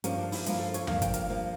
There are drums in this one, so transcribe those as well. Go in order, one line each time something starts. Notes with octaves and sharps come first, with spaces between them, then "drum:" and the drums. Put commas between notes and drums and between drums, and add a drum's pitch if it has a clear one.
G2 F3 A#3 C#4, drum: hi-hat
D4
E4, drum: open hi-hat
G2 F3 A#3 F4, drum: hi-hat
A4
C#5, drum: hi-hat
G2 F3 A#3 F5, drum: tom D#2
G5, drum: kick, hi-hat
F5, drum: hi-hat
G2 F3 A#3